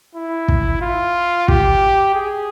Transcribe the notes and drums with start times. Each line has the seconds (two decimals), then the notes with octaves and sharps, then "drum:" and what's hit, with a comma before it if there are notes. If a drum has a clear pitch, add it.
0.15 E4
0.48 drum: kick
0.82 F4
1.48 G4, drum: kick
2.15 G#4